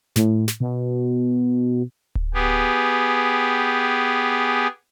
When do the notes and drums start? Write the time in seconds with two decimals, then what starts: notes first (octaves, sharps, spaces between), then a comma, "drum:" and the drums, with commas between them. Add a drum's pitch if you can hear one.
0.16 A2, drum: snare
0.48 drum: snare
0.60 B2
2.15 drum: kick D1
2.34 B3 G4 G#4